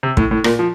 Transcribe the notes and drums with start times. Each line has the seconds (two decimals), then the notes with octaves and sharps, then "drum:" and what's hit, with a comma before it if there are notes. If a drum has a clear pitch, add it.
0.03 C3
0.17 A2, drum: kick
0.31 A2
0.44 A#2, drum: rim click
0.59 F3